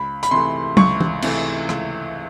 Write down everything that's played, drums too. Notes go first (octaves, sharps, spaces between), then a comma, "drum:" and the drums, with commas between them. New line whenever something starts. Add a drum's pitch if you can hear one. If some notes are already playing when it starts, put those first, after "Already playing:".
Already playing: C#2 B5
B5, drum: hi-hat
C3 E3 A3 C6
C#2 C#6, drum: tom
drum: tom
C3 E3 A3, drum: cymbal
C#2, drum: rim click